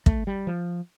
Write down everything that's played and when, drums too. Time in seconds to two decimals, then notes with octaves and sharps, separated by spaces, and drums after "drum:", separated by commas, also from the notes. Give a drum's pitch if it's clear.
0.06 A3, drum: kick
0.27 G3
0.47 F3